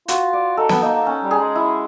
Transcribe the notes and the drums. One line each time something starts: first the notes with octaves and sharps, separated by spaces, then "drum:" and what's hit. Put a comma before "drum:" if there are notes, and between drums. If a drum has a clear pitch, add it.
F4 F#4, drum: hi-hat
D5
D#4 A4
B3, drum: snare
A#3 D#4
A#3
C#4
G3
G#4
G#3
E4